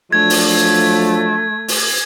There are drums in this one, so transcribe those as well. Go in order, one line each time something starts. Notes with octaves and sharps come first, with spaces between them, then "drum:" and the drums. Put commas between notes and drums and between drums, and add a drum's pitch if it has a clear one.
F3 F#3 A3 D4 G#6
drum: open hi-hat
drum: open hi-hat